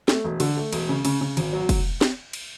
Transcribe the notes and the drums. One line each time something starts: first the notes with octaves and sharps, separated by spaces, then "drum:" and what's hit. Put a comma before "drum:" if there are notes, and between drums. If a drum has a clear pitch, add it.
A3, drum: snare
E1
D3, drum: cymbal
A3
E1, drum: cymbal
C#3
C#3, drum: cymbal
C#3
G#1, drum: cymbal
F#3
drum: kick, cymbal
drum: snare
drum: cymbal